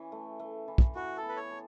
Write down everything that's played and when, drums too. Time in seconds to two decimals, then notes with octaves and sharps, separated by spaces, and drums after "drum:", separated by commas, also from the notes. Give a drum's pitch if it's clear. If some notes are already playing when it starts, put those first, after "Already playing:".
Already playing: E3 C#4
0.12 A3
0.39 A3
0.68 E3
0.78 drum: kick
0.95 E3 F#4
1.17 A4
1.23 B3
1.29 B4
1.37 C#5
1.50 A4